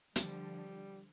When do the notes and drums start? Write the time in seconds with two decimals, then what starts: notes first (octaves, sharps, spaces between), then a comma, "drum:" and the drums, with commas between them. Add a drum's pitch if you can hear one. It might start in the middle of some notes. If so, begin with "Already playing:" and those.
0.16 D3 F3 G3, drum: hi-hat